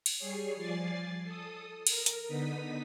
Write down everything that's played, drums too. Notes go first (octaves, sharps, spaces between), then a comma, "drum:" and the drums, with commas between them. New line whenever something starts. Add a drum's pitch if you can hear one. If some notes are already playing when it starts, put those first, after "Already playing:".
drum: cymbal
G3 G#4 C#5 C7
F3 D5 G#5 A6 C7
A4 D#6
A#4, drum: cymbal
drum: hi-hat
D3 B3 D#4 D#6 B6